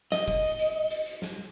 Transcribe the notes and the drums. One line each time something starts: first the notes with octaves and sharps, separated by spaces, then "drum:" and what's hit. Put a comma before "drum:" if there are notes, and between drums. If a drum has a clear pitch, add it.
D#5, drum: snare
drum: kick, hi-hat
drum: hi-hat
drum: hi-hat
drum: hi-hat
drum: hi-hat
drum: snare